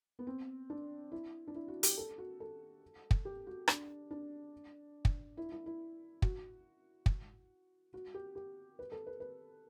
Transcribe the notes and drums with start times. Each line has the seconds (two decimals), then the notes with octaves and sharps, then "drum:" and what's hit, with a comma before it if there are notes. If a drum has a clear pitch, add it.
0.19 B3
0.27 C4
0.70 D4
1.12 E4
1.47 D4
1.55 E4
1.68 F#4
1.83 G4, drum: hi-hat
1.98 A4
2.18 F#4
2.40 A4
3.11 drum: kick
3.25 G4
3.47 F#4
3.68 D4, drum: rim click
4.11 D4
5.05 drum: kick
5.37 E4
5.52 E4
5.66 E4
6.22 F#4, drum: kick
7.06 drum: kick
7.94 F#4
8.14 G4
8.35 G4
8.79 B4
8.92 A4
9.07 B4
9.20 B4